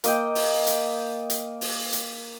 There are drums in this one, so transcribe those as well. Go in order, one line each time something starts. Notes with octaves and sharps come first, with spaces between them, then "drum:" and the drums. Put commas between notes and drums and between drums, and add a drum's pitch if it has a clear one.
A#3 D#5 G5, drum: hi-hat
drum: open hi-hat
drum: hi-hat
drum: hi-hat
drum: open hi-hat
drum: hi-hat